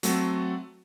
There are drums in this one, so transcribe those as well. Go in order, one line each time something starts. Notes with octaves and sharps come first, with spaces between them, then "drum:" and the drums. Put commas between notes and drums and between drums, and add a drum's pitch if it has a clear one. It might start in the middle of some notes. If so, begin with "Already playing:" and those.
F#3 A3 C4 F#4 A4, drum: hi-hat